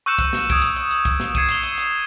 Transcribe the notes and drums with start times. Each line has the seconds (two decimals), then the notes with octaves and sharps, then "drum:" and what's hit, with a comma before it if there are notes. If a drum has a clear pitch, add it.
0.06 C#6 E6 F#6 G6 C#7 E7
0.18 drum: kick, hi-hat
0.33 drum: snare
0.50 D#6 G#6 D7, drum: kick, hi-hat
0.62 drum: hi-hat
0.76 drum: hi-hat
0.91 drum: hi-hat
1.05 drum: kick, hi-hat
1.20 drum: snare
1.35 G#6 C7 C#7 D#7 E7, drum: kick, hi-hat
1.49 C7 E7 F7 G7, drum: hi-hat
1.63 drum: hi-hat
1.78 drum: hi-hat